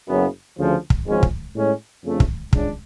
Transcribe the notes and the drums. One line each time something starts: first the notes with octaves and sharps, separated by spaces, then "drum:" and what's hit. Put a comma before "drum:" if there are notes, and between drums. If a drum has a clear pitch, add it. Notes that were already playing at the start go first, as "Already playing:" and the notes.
F#1 F#2 C#3 F#3 B3
D2 C#3 F3
drum: kick
G#1 G#2 F3 G#3 C#4
drum: kick
A2 G#3 C#4
F2 C#3 F3 A3 D4
drum: kick
C#2 C#3 G#3 D4, drum: kick